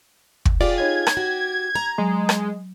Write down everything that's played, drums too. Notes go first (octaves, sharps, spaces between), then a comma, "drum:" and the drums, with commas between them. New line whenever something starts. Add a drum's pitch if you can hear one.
drum: kick
F4 G4 G#4 D5
D#4 C#5 D#5 G#6
drum: rim click
F#4 G4
A#5
F#3 G#3
drum: rim click